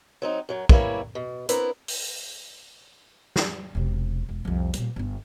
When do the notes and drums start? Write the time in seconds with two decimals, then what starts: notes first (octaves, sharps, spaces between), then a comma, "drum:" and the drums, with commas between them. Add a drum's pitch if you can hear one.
0.22 F#3 C4 D#4
0.49 F#2 F#3
0.69 E3 G3 A#3 E4 C#5, drum: kick
1.15 B2
1.49 B3 C4 D4 E4 A#4 B4, drum: hi-hat
1.88 drum: open hi-hat
3.36 drum: snare
3.75 E1 C3
4.29 E1
4.45 C2 F2
4.73 A#2 G3, drum: hi-hat
4.96 G1 B3